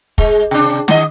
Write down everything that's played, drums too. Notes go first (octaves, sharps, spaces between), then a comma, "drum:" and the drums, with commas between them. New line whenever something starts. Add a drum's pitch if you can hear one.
G#3, drum: kick
C3 D4
D#3 D#5, drum: snare